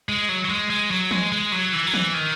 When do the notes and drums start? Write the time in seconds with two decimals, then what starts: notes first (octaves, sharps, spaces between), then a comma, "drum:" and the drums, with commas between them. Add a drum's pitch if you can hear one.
0.09 G#3
0.29 F#3
0.45 F#3
0.50 G#3
0.70 G#3
0.91 F#3
1.11 G#3, drum: tom E3
1.32 G#3
1.52 F#3
1.73 E3
1.87 F#3
1.94 E3, drum: tom E3
2.14 D#3